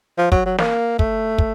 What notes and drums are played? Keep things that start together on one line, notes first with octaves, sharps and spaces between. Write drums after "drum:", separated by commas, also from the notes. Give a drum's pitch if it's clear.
F3
F#3, drum: kick
F#3
A#3, drum: snare
A3, drum: kick
drum: kick